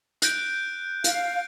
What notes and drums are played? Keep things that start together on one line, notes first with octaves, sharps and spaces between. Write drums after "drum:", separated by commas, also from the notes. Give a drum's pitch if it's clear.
F#6 G6 D7, drum: hi-hat
F5, drum: hi-hat